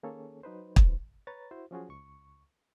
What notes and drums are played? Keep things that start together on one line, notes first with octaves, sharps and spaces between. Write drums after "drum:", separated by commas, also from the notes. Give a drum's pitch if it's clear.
D#3 A#3 C#4 G#4 A4 C#5
F#3 D#4 B4 C5
drum: kick
B4 C#5 A#5 A6
E4 F#4 C5
F3 F#3 C#4 F4 F#4 G#4
C#2 C#6